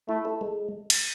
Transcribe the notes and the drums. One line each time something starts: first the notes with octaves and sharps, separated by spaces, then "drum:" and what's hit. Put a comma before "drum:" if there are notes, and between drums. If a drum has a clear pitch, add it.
A3 E4
A4
G#3
drum: cymbal